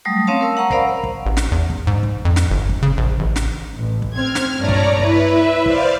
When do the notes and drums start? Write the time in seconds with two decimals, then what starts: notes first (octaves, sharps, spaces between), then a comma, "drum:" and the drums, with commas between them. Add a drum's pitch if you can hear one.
0.05 F#3 G3 A3 D#6
0.27 C4 C#4 C#5 F5 A5
0.41 A#4 E6
0.57 F#5 A#5 C#6
0.70 A#4 C5 D5 F5 B5, drum: kick
1.03 drum: kick
1.26 A1
1.37 drum: snare
1.52 E2
1.70 drum: kick
1.87 G#2
2.03 drum: kick
2.25 F2
2.36 drum: snare
2.50 G1
2.69 drum: kick
2.82 C#3
2.97 A#1
3.19 A1
3.36 drum: snare
3.78 A1
4.02 drum: kick
4.15 C4 F6 G#6
4.35 drum: snare
4.58 G2 A#2 A3 C#5 D5 A#5
4.68 drum: kick
5.00 E4 B4, drum: kick
5.29 E5
5.66 C5 D5 F5, drum: kick